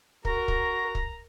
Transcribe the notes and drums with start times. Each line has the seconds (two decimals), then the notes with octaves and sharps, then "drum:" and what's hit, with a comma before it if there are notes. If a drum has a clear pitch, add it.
0.25 F#4 A#4 A#5, drum: kick
0.48 drum: kick
0.95 drum: kick